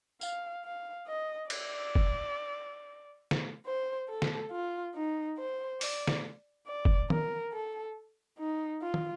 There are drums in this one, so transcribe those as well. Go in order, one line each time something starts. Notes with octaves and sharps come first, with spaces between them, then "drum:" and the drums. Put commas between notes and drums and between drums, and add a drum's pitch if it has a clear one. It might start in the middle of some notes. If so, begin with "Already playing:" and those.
F5, drum: tambourine
F5
D#5
D5, drum: cymbal
drum: kick
drum: snare
C5
A4
drum: snare
F4
D#4
C5
D5, drum: open hi-hat
drum: snare
D5
drum: kick
A#4, drum: tom
A4
D#4
F4
drum: tom